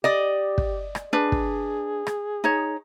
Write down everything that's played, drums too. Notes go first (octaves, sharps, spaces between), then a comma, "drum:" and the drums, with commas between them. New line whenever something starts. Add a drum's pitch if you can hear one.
G4 D5 D#5
drum: kick
drum: rim click
D4 G#4 B4
drum: kick
drum: rim click
D#4 C#5